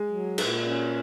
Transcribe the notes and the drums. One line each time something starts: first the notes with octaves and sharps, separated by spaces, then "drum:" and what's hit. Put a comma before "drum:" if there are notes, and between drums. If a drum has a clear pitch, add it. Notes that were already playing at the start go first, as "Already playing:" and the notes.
Already playing: G#3
F#3
A#2, drum: cymbal
C#4